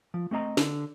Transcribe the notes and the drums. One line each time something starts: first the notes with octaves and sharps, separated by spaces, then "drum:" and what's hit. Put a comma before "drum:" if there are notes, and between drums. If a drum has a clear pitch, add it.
F3
A3 C4 D#5 A#5
D3, drum: snare